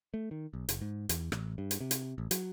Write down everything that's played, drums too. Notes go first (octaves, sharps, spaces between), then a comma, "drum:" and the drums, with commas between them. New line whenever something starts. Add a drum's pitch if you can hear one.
A3
D#3
B1
F#1, drum: hi-hat
G#2
E2, drum: hi-hat
A1, drum: rim click
G2
drum: hi-hat
C3
drum: hi-hat
A1
F#3, drum: hi-hat